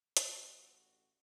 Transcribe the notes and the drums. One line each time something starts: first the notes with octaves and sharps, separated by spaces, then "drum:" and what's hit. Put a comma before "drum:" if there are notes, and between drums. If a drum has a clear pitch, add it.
A1 G2 G3 F#4, drum: hi-hat